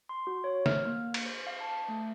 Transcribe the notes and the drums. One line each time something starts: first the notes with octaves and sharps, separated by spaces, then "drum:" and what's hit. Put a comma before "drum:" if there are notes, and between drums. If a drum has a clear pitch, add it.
C6
F#4
C#5
F6, drum: snare
A#3
drum: cymbal
C5
F5
A5
A3